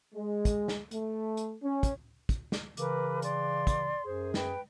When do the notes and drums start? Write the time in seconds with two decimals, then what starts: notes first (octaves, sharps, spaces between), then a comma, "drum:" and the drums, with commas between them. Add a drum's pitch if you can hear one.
0.14 G#3
0.45 drum: kick, hi-hat
0.68 drum: snare
0.91 A3, drum: hi-hat
1.37 drum: hi-hat
1.62 C#4
1.83 drum: kick, hi-hat
2.29 drum: kick, hi-hat
2.52 drum: snare
2.77 C#3 E3 A#4 B4 D6, drum: hi-hat
3.22 D5 C6, drum: hi-hat
3.67 drum: kick, hi-hat
4.05 F#2 G#4 C5
4.34 B4 G5, drum: snare